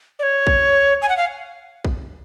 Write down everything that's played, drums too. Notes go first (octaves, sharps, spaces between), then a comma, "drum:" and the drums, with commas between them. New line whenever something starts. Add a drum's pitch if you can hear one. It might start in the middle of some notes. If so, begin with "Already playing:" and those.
D5
C#5
drum: kick
G#5
F#5
F5
drum: kick